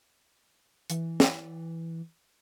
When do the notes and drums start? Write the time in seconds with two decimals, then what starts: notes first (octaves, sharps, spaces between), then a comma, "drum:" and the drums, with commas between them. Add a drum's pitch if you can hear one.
0.90 E3, drum: hi-hat
1.20 drum: snare